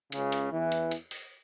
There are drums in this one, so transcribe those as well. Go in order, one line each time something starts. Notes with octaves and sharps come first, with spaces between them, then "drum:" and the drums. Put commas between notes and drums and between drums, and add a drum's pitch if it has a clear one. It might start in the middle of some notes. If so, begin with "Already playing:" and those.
C#2 C#3, drum: hi-hat
drum: hi-hat
E2 E3
drum: hi-hat
drum: hi-hat
drum: open hi-hat